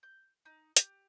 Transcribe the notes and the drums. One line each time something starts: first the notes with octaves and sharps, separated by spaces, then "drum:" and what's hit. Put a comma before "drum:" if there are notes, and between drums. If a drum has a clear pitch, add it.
G6
D#4
G4, drum: hi-hat